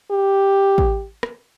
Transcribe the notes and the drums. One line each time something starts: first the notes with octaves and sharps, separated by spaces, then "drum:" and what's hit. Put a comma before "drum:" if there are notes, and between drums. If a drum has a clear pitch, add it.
G4
drum: kick A1
drum: rim click